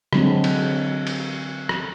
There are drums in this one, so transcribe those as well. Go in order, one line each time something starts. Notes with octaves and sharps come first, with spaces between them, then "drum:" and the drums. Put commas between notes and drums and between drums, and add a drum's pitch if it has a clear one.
D3 F#3 G#3 C4 D4, drum: rim click
drum: cymbal
drum: cymbal
drum: rim click